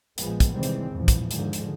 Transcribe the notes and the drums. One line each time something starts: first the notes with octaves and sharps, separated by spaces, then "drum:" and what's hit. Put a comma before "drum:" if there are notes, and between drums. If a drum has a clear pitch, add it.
A#1 F3 G#3 B3, drum: hi-hat
drum: kick, hi-hat
C3 D#3 E3 G3 G#3 C4
drum: hi-hat
E2 G2 A#2 E3 F3
drum: kick, hi-hat
G#2 D3 D#3 F3 G#3, drum: hi-hat
drum: hi-hat